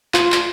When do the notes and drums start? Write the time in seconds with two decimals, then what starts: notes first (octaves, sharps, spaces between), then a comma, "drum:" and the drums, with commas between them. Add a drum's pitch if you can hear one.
0.14 F4, drum: clap
0.32 drum: clap